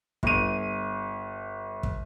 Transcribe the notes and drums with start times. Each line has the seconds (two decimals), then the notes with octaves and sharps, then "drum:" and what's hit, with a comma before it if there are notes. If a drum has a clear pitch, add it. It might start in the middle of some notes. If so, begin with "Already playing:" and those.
0.23 G1 D#7, drum: kick
1.83 drum: kick